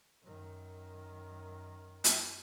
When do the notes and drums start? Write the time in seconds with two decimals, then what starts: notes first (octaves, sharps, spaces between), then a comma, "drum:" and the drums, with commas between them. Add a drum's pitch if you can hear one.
0.22 F#2 D#3
2.04 drum: hi-hat